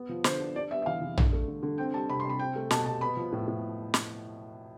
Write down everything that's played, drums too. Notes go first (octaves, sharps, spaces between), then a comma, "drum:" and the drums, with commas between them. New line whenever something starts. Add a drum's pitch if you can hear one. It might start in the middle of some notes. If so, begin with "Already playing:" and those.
Already playing: B3
F3
D3 C5, drum: snare
D4
D4 D5
B3 E5
E5
E3 F5
E3
D4, drum: tom A#1
A3
D3
D3
C4 G5
G3 A5
C3 B5
C6
C3 B5
C4 G5
A3
B2 A5, drum: snare
B2 A5
B3 B5
F3
A2
A2
drum: snare